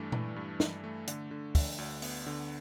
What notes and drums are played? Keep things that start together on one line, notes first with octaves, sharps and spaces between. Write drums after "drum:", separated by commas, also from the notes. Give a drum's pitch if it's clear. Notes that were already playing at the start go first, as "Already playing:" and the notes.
Already playing: G2 E3 A3 D4
E3, drum: tom A#2
G2
G2, drum: snare
A3
D3, drum: hi-hat
D3
D3, drum: kick, open hi-hat
D2
B3, drum: open hi-hat
D3